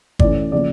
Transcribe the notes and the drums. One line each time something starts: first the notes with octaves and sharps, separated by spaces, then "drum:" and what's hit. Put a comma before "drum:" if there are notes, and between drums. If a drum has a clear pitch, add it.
A2 E3 A3 C#4 D5, drum: kick G1
C#3 F3 A#3 D5